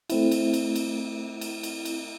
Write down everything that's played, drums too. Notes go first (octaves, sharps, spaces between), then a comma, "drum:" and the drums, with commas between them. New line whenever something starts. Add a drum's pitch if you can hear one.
A3 C4 E4, drum: cymbal
drum: cymbal
drum: cymbal
drum: cymbal
drum: cymbal
drum: cymbal
drum: cymbal